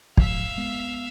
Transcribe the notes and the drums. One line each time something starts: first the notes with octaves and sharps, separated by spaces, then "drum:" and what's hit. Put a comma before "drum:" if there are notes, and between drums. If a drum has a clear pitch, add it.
G#2 F3 E5 F5, drum: kick
G#3 B3